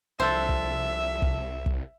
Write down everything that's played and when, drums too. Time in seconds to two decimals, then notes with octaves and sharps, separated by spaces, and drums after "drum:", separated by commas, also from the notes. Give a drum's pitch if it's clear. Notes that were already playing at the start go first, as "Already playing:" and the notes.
0.20 C2 F3 D4 A4 C5 E5
0.49 drum: kick
1.22 drum: kick
1.66 drum: kick